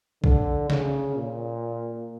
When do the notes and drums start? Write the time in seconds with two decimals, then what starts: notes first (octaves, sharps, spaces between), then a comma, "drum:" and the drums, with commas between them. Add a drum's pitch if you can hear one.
0.24 D3, drum: kick A#1
0.70 C#3, drum: snare
1.15 A#2